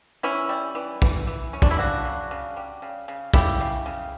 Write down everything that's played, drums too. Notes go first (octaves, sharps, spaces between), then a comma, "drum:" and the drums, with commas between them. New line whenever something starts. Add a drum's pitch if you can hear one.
E3 C#4 E4
G3
E3
E3, drum: kick
E3
C#4
D4, drum: kick
E4
C#3 D4 F#4
C#3
C#3
G3
C#3
C#3
C#3 E4 G4, drum: kick
C#3
C#3